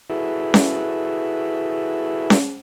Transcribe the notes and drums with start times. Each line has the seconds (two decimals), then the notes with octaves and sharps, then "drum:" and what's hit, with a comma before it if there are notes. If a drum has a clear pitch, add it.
0.10 E4 F#4 G#4 A4 B4 E5
0.54 drum: snare C#4
2.30 drum: snare C#4